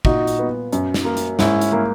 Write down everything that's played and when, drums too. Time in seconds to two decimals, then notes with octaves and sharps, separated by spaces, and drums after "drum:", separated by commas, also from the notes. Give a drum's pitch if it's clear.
0.05 A#2 D#4 F#4, drum: kick
0.27 drum: hi-hat
0.39 B3
0.73 F#2, drum: hi-hat
0.94 drum: snare
1.05 A#3
1.17 drum: hi-hat
1.39 G#2 C#4 E4, drum: snare
1.61 drum: hi-hat
1.72 A#3